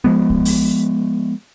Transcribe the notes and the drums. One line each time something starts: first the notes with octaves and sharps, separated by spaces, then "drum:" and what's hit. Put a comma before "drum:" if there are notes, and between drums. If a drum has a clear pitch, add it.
F3 G#3 B3
drum: kick
drum: open hi-hat